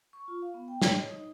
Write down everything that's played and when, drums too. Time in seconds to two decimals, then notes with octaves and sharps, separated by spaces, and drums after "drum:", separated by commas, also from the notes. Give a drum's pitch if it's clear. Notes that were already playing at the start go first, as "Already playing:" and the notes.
0.13 C#6
0.28 F4
0.42 F5
0.54 B3
0.68 G5
0.82 C#5, drum: snare
0.97 D#5
1.11 D#4